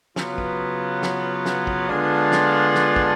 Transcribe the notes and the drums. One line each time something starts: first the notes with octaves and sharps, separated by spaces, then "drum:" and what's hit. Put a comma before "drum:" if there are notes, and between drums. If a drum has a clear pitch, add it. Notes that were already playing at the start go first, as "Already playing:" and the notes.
C#3 F#3 B3 F4 B4, drum: snare
drum: kick
drum: snare
drum: snare
drum: kick
D3 G#3 B3 D4 F4
drum: snare
drum: snare
drum: kick